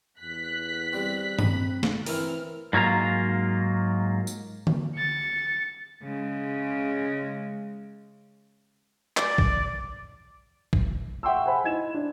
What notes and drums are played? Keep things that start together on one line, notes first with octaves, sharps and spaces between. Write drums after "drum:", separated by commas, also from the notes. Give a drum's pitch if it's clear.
E2 F#6 B6
G3 C4
C4 B5, drum: tom G2
drum: snare
E3 C4 E4 A#4 F6, drum: open hi-hat
G#2 F#3 A#3 F4 A#5
drum: tambourine
drum: tom D3
A6 C#7
C#3 G#3
D5, drum: clap
drum: kick
drum: kick
E5 F#5 G5 C6 C#6 E6
C5 F#5 G#5 B5
D#4 E4 G#6 E7
D4